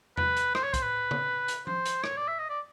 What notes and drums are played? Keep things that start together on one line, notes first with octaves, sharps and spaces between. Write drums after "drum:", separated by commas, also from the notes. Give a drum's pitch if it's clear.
B4, drum: tom E2
drum: hi-hat
C5, drum: rim click
C#5
C5, drum: kick, hi-hat
B4
drum: tom C#3
drum: hi-hat
C5, drum: tom F3
drum: hi-hat
C#5, drum: rim click
D5
E5
D#5
D5